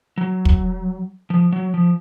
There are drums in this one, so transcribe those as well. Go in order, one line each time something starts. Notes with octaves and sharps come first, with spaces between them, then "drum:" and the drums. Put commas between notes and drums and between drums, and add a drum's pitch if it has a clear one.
F#3
drum: kick
F3
F#3
F3